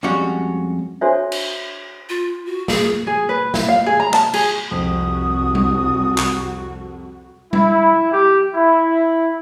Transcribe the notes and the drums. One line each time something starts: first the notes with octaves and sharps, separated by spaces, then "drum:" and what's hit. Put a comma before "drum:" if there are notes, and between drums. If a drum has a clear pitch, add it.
F2 G3 G#3 C#4 F#4 F#5
D4 F#4 A4 C5 C#5 E5
drum: cymbal
F4
F#4
G#4, drum: snare
G#4
B4
E4, drum: snare
F5
G#4
A#5
A5, drum: clap
G#4, drum: cymbal
C2 F2 F#4 D#6
drum: tom G3
drum: clap
E4, drum: tom G3
G4
E4